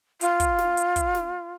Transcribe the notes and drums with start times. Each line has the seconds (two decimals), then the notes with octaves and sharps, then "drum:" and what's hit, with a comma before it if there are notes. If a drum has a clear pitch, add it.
0.21 F4, drum: hi-hat
0.40 drum: kick, hi-hat
0.58 drum: snare
0.77 drum: hi-hat
0.96 drum: kick, hi-hat
1.15 drum: snare